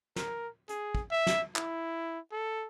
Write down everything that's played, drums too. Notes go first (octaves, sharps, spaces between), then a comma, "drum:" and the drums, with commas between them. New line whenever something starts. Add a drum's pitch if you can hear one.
A#4, drum: snare
G#4, drum: hi-hat
drum: kick
E5
drum: snare
E4, drum: clap
A4